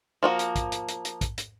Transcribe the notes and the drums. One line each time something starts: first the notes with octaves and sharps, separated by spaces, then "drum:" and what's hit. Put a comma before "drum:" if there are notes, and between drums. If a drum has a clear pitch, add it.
F3 A#3 F#4
drum: hi-hat
drum: kick, hi-hat
drum: hi-hat
drum: hi-hat
drum: hi-hat
drum: kick, hi-hat
drum: hi-hat